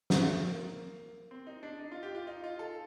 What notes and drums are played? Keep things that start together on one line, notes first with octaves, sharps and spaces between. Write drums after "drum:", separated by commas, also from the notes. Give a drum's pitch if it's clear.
C4, drum: snare
A#3
C4
D#4
D4
D#4
F4
G4
F4
D#4
F4
A4